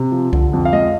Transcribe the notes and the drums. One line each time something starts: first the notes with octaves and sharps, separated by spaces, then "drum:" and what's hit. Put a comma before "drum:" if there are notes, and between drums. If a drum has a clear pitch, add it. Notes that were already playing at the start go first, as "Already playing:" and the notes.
Already playing: C3
F3
D3, drum: kick C2
F2
F5
G#3 D#5